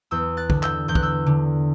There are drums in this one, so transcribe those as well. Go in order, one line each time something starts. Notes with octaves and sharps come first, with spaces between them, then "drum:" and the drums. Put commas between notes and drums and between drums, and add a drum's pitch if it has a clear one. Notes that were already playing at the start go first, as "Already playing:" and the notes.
E2 E6 G6
F#6 A6
D3, drum: kick
E6 G6, drum: clap
E2 G6
F#6, drum: kick
E6 G6
D3